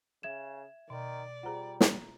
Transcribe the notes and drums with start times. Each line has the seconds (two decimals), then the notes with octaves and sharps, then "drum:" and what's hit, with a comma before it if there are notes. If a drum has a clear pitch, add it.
0.23 C#3 E5 G#6 E7
0.90 B2 D#3 D5
1.43 G3 F4 G#4 C5 F#5 A#5
1.81 drum: snare